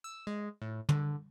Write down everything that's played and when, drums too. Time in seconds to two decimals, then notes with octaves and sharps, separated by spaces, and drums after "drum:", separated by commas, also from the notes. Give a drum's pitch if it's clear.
0.04 E6
0.27 G#3
0.62 A2
0.89 D3, drum: tom